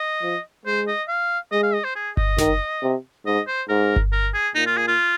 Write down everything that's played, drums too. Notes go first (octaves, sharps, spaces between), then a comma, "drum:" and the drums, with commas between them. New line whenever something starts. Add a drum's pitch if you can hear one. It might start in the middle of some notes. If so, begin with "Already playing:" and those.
Already playing: D#5
F3
G#3 C5
D#5
F5
G#3 D#5
F5
D#5
C5
G#4
D#5, drum: kick G1
D#3, drum: snare F#1
C3
G#2 D#5
C5
G#2 A#4
drum: kick G1
A#4
G#4
A#2 D#4
F4
G#4
F4